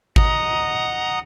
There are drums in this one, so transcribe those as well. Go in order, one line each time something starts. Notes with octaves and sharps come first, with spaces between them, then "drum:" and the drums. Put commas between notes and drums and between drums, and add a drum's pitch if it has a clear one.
D#5 F#5 A#5 D#6, drum: kick G#1